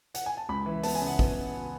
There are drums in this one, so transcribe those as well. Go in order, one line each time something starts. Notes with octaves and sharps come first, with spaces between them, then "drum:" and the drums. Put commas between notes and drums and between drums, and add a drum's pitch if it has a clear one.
F#5, drum: hi-hat
G#5
A5
C#2 B5
E3
B3 A5, drum: open hi-hat
G#5
C#3
F#5
B3, drum: kick